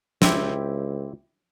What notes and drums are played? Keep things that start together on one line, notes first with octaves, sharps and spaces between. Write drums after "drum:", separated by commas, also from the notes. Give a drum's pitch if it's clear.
C#2 C4 E4 G4, drum: snare